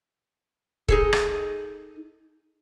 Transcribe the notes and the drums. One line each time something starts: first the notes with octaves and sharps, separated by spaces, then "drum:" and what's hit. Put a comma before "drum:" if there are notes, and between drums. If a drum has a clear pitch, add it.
D#4 G#4 A4, drum: kick
drum: rim click